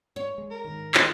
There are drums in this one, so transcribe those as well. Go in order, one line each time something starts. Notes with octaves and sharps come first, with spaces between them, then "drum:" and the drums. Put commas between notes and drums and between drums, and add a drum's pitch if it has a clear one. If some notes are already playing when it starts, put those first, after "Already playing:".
C#5
G#3
A#4
G#2 D#3
D#4 F4 G#4, drum: clap